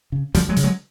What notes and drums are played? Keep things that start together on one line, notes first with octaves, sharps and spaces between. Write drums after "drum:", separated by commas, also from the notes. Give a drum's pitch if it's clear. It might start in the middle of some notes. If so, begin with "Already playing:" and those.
C#3
D2 F3 G3, drum: hi-hat
F#3 G#3
C#3, drum: hi-hat
F#3 G#3